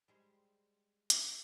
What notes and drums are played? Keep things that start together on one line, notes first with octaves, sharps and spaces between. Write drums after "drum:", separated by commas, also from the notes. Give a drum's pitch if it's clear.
G3 G#3 C5
drum: hi-hat